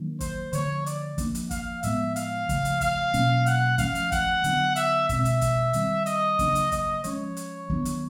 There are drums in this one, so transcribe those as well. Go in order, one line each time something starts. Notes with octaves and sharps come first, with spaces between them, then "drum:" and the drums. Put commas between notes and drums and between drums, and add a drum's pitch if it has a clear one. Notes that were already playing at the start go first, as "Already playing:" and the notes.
Already playing: D#3 F#3 A#3 D4
C5, drum: kick, hi-hat
D3 F3 A3 C#5, drum: hi-hat
D5, drum: hi-hat
F3 A#3 D4, drum: kick, hi-hat
drum: hi-hat
F5, drum: kick, hi-hat
A2 F3 G#3 B3 E5, drum: hi-hat
F5, drum: hi-hat
C#3 F3 A3, drum: kick, hi-hat
drum: hi-hat
F5, drum: kick, hi-hat
B2 F#3 A#3 C#4, drum: hi-hat
F#5, drum: hi-hat
F3 A3 C#4 F5, drum: kick, hi-hat
drum: hi-hat
F#5, drum: kick, hi-hat
D3 F#3 B3 D4, drum: hi-hat
E5, drum: hi-hat
B2 G#3 C4 E5, drum: kick, hi-hat
drum: hi-hat
drum: kick, hi-hat
D#3 G3 C4, drum: hi-hat
D#5, drum: hi-hat
C#3 F#3 A#3 D4, drum: kick, hi-hat
drum: hi-hat
D#5, drum: kick, hi-hat
F3 G#3 C#4 C#5, drum: hi-hat
drum: hi-hat
D#3 F#3 B3 D4, drum: kick
drum: hi-hat